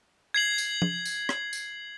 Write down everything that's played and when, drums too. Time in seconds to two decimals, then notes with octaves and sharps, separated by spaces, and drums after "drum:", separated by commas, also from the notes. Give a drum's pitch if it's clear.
0.34 G#6 C7 F#7
0.58 drum: tambourine
0.82 drum: tom
1.05 drum: tambourine
1.29 drum: rim click
1.53 drum: tambourine